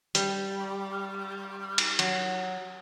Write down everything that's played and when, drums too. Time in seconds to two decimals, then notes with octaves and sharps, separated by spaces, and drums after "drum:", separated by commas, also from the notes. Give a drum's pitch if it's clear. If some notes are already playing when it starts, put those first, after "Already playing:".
0.15 G3, drum: hi-hat
1.78 drum: cymbal
1.99 F#3, drum: cymbal